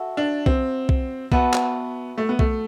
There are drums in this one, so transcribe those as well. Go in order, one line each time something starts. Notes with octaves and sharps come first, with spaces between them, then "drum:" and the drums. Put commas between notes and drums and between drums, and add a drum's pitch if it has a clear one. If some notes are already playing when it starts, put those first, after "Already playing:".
Already playing: F#4 A4 E5
D4
C4, drum: kick
drum: kick
B3 F#4 B4 E5 A5, drum: kick
drum: clap
A3
B3
A3, drum: kick